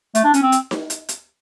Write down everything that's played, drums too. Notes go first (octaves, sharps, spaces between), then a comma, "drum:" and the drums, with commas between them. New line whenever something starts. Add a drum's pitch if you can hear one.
A3, drum: hi-hat
D4
C#4, drum: hi-hat
C4
drum: hi-hat
drum: snare D#4
drum: hi-hat
drum: hi-hat